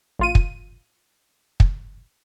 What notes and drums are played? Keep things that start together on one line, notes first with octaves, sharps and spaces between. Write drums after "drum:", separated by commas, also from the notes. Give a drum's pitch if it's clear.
A1 F4 D#7
drum: kick
drum: kick